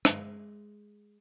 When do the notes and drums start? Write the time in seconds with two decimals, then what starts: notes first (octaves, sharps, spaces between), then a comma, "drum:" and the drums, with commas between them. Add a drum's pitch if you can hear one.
0.05 G#3, drum: rim click